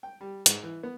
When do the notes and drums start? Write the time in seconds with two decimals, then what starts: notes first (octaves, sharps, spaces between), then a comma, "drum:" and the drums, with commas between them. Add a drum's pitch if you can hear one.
0.03 G5
0.21 G3
0.46 G#2, drum: hi-hat
0.63 E3
0.83 B3